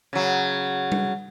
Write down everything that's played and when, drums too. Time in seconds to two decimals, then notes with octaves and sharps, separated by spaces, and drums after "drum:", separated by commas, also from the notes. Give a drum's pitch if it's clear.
0.13 C#3 F#3
0.92 drum: tom G3